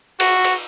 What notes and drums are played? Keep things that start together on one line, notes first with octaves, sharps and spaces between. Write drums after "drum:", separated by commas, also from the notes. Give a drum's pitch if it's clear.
F#4, drum: cymbal
drum: cymbal